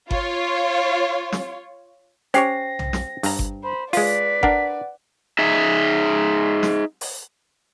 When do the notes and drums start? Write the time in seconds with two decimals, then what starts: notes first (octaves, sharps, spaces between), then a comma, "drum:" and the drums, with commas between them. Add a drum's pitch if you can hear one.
0.11 F4 C#5, drum: kick G1
1.32 drum: snare
2.34 C#4 G4 C5 C#5 G5 A#6 C7, drum: hi-hat
2.79 drum: tom B1
2.93 drum: snare
3.23 G2 A#5, drum: open hi-hat
3.39 drum: kick G1
3.63 C5 B5
3.93 G#3 F4 B4 D5 B6, drum: open hi-hat
4.43 D4 A#4 F#5, drum: kick G1
5.39 D#4 G#4 E5
6.63 drum: snare
7.01 drum: open hi-hat